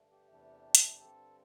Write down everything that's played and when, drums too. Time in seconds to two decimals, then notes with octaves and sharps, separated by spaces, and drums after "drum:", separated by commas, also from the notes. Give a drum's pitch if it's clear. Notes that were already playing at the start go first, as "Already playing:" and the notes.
Already playing: G2 D3 A3
0.12 G4
0.29 E2 C3 E3 A3 D4
0.75 drum: hi-hat
0.99 G2 D3 G3 C4 A4